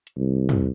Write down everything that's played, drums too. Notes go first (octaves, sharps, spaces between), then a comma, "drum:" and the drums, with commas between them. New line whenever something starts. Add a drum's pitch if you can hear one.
drum: hi-hat
C2
drum: tom